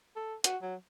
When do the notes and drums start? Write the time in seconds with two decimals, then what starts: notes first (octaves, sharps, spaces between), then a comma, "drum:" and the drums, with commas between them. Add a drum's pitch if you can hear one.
0.16 A4
0.44 F#4, drum: hi-hat
0.62 F#3